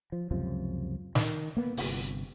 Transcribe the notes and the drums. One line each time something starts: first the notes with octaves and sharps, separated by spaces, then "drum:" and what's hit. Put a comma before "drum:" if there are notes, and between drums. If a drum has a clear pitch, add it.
F3
C#2 F#2 C3 F3
D#3, drum: snare
A#3 B3
G1 C3, drum: open hi-hat